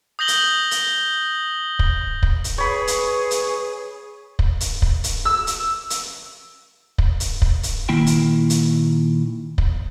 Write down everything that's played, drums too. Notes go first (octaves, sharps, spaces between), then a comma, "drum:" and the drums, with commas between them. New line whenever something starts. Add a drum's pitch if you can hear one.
D#6 G6 A#6 F#7 G7
drum: hi-hat
drum: hi-hat
drum: kick
drum: kick
drum: hi-hat
G#4 B4 C#5 B5
drum: hi-hat
drum: hi-hat
drum: kick
drum: hi-hat
drum: kick
drum: hi-hat
E6
drum: hi-hat
drum: hi-hat
drum: kick
drum: hi-hat
drum: kick
drum: hi-hat
A#2 D#3 A#3 E4 G5
drum: hi-hat
drum: hi-hat
drum: kick